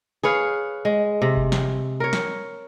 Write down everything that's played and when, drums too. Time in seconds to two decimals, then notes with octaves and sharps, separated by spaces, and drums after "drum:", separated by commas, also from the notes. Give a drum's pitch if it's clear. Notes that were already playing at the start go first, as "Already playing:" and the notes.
0.23 G#4 B4 C#5 F5
0.85 G#3
1.22 C3
1.37 drum: kick G1
1.52 drum: snare
2.00 A#4 C#5
2.13 drum: snare